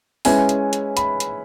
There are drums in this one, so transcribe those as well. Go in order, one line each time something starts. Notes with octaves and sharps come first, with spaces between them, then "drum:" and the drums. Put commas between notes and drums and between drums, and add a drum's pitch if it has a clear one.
G#3 C#4 E4 B4 G#5, drum: open hi-hat
drum: hi-hat
drum: hi-hat
B5, drum: hi-hat
drum: hi-hat